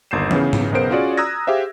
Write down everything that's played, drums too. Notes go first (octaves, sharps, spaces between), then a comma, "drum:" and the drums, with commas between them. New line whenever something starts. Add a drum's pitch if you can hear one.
G1 D#2 G6 C7 E7
C#3 E3 B3 C#4, drum: tom
drum: tom G#2
B1 C#3 B3 A#4 C5 D7
C#4 F4 F#4 G#4 D5
A#5 D#6 E6 F#6 G#6 A#6
G4 G#4 C5 E5 F5